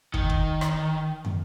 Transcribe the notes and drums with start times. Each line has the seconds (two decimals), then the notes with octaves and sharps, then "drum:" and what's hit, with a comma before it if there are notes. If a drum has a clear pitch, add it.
0.14 D#3, drum: kick
0.30 drum: kick
0.61 drum: rim click
1.25 drum: tom